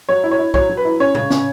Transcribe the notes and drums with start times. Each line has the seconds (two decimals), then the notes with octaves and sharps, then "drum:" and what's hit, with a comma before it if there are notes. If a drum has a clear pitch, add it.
0.09 F#3 C#5
0.24 E4
0.31 C#5
0.39 E4
0.54 F#3 C#5, drum: kick B1
0.69 F#3
0.77 B4
0.85 E4
1.00 C#4 C#5
1.15 C#3, drum: tom A2
1.30 C#4, drum: snare